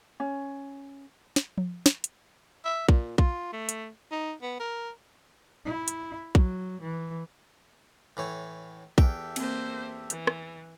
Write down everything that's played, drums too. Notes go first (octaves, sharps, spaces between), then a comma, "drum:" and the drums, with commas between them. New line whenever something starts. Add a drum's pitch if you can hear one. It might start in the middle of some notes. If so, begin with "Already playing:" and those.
C#4
drum: snare
drum: tom F3
drum: snare
drum: hi-hat
E5
A#2, drum: kick A#1
F4, drum: kick A#1
A3
drum: hi-hat
D#4
B3
A#4
E4
drum: hi-hat
F#3, drum: kick A#1
E3
A2 E3 C#5
E2 G4 A4 E5 G5, drum: kick A#1
A#3 C4 C5, drum: cymbal
E3, drum: hi-hat
drum: rim click